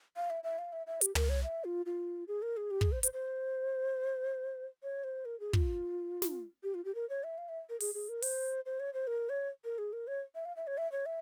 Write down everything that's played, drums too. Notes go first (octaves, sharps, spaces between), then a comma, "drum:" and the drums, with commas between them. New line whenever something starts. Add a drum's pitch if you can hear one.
F5
E5
E5
F5
E5
E5
G4, drum: hi-hat
A#4, drum: tom
C#5
E5
F4
F4
G#4
A#4
G#4
G4
G#4, drum: kick
C5
C5, drum: hi-hat
C5
C#5
C5
A#4
G#4
F4, drum: kick
drum: snare
G4
F4
G4
A#4
C#5
E5
F5
E5
A#4
G#4, drum: open hi-hat
G#4
A#4
C5, drum: open hi-hat
C5
C#5
C5
A#4
C#5
A#4
G#4
A#4
C#5
E5
F5
E5
C#5
E5
C#5
E5